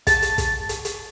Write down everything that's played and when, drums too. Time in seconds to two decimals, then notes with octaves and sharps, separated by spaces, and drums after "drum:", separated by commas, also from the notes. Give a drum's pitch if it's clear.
0.07 A5, drum: kick, hi-hat
0.22 drum: hi-hat
0.38 drum: kick, hi-hat
0.69 drum: hi-hat
0.85 drum: hi-hat